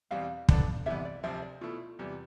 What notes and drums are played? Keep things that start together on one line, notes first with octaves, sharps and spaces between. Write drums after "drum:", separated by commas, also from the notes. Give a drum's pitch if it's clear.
E2 B2 G3 C4 F5
G2 F3 B3 D4 A4, drum: kick
C3 E3 G3 B3 E5
D5
D2 C3 F3 C4 E5
D5
B2 A3 E4 F4
E2 C3 G3